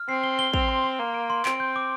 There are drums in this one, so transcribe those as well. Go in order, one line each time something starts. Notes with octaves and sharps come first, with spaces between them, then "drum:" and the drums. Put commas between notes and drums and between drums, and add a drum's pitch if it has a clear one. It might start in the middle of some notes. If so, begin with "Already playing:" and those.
Already playing: F6
C4 C7
G7
G7
C4 F7, drum: kick
C6
C6
A#3 C6
D7
C6
C4 D7, drum: clap
G6
D6